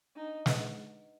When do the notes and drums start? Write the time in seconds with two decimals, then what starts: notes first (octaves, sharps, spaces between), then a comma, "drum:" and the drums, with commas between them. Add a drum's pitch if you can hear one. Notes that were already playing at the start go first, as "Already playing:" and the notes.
0.16 D4 D#4
0.46 G4 B4 D#5 F#5, drum: snare